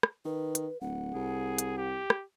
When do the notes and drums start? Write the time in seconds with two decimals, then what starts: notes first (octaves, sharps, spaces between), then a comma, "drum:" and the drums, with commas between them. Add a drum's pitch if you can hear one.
0.03 drum: rim click
0.25 D#3 B4
0.55 drum: hi-hat
0.81 D1 F#5
1.15 C2 G#4
1.58 drum: hi-hat
1.78 G4
2.10 drum: rim click